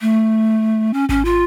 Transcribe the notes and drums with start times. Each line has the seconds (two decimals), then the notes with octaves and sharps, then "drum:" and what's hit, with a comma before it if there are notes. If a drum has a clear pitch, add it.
0.01 A3
0.93 C#4
1.09 C#4, drum: kick G#1
1.25 F4